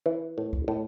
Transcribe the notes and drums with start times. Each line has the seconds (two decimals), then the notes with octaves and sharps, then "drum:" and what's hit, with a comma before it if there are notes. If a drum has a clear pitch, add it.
0.06 E3
0.38 A2
0.53 drum: kick
0.68 A2